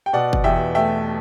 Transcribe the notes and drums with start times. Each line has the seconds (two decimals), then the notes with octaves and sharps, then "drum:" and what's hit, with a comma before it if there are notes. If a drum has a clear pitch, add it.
0.06 G5
0.13 B2 D5 F#5
0.33 drum: kick F#1
0.44 E2 E5 G5
0.75 A3 E5 G5